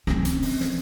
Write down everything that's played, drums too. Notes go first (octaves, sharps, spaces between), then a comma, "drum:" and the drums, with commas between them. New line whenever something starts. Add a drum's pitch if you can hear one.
C4 C#4, drum: snare
drum: hi-hat
drum: open hi-hat
drum: snare